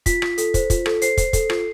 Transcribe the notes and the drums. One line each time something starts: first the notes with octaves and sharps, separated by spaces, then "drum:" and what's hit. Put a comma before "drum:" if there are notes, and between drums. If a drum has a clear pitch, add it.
F4 B6, drum: kick, hi-hat
F4, drum: rim click
A4, drum: hi-hat
C5, drum: kick, hi-hat
F4, drum: kick, hi-hat
A4, drum: rim click
C5 C7, drum: hi-hat
C5, drum: kick, hi-hat
A4, drum: kick, hi-hat
F4, drum: rim click